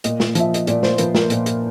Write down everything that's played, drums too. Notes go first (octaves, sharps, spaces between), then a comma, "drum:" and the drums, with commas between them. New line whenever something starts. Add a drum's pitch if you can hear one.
A#2 D#5, drum: hi-hat
drum: snare
F3 E5, drum: hi-hat
D#5, drum: hi-hat
A#2 D5, drum: hi-hat
C5, drum: snare
F3 B4, drum: hi-hat
A#4, drum: snare
A#2, drum: hi-hat
drum: hi-hat